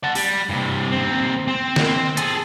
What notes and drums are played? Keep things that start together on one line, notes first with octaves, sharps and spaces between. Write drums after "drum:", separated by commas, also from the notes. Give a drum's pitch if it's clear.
F#5 A5
G3, drum: open hi-hat
G2 C3
D#2 C4
C4
drum: snare
G#4 A4, drum: hi-hat